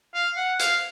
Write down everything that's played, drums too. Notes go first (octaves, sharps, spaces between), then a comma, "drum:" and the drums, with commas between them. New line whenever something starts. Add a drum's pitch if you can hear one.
F5
F#5
F5, drum: hi-hat